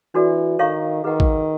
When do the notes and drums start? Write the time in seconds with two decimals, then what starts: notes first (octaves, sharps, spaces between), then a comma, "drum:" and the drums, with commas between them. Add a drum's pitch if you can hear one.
0.15 E3 D4 F#4 A4 D5
0.59 D#3 A4 C#5 F5 A#5 C#6
1.04 D#3 G#4 B4 D#5 F#5 A#5
1.20 drum: kick